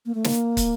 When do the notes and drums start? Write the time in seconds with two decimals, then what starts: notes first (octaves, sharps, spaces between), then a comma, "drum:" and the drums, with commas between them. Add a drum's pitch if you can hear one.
0.06 A#3
0.15 A3
0.24 A#3, drum: snare
0.57 drum: kick, hi-hat